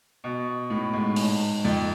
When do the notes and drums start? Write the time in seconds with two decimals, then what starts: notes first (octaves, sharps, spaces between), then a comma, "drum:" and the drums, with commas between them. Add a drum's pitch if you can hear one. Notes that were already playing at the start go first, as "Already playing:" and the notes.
0.24 B2
0.70 A2
0.93 G#2
1.16 drum: open hi-hat
1.65 F2